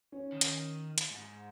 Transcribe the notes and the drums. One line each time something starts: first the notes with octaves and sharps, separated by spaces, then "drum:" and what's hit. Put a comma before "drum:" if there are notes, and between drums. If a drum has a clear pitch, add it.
C#4
D#3
drum: hi-hat
drum: hi-hat
G#2